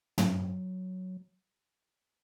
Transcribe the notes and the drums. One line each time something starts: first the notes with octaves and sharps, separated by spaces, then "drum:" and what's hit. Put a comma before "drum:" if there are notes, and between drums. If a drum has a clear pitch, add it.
F#3, drum: tom